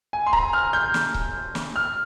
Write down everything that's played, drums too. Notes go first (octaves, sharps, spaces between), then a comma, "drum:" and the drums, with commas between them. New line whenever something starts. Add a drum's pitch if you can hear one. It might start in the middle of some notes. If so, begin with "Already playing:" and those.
G#5
C6
A#5, drum: kick C#1
F6
G6
drum: snare
drum: kick C#1
drum: snare
F6